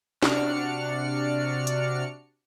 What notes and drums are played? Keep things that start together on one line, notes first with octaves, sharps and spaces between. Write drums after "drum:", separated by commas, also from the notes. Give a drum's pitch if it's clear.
C3 D4 F#4 D5 F6 C#7, drum: snare
drum: hi-hat